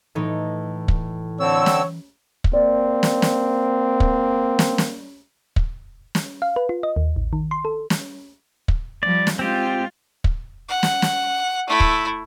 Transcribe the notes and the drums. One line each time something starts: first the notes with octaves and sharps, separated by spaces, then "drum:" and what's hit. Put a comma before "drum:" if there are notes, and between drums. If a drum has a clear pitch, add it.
A2 E3 D#4
drum: kick
D3 C4 C#5 E6
drum: snare
drum: kick
A#3 C4 D5
drum: snare
drum: snare
drum: kick
drum: snare
drum: snare
drum: kick
drum: snare
F5
B4
F4
D#5
D#2
A1
D#3
C6
A4
drum: snare
drum: kick
F3 G3 D5
drum: snare
G#3 C4 F4 G4
drum: kick
F#5
drum: snare
drum: snare
A3 E4
drum: kick